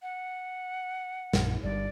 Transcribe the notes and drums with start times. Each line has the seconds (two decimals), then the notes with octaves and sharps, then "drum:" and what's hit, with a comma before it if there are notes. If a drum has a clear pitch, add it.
0.02 F#5
1.33 A#1 F#2, drum: snare
1.63 G1 G2 D5